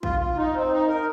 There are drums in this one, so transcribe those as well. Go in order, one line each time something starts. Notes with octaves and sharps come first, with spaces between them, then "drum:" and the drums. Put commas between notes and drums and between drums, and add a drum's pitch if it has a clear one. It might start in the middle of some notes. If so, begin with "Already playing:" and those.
F4, drum: kick
F4
D#4
C4
D#4
A#4